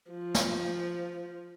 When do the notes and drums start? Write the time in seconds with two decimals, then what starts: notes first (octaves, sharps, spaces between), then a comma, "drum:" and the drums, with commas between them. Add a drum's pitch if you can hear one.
0.11 F3
0.34 drum: snare